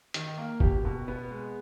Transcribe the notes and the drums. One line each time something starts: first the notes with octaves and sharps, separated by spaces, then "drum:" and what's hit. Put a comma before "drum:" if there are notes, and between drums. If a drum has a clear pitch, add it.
D#3, drum: hi-hat
A#3
B2 G4, drum: kick
B2
B3
G#3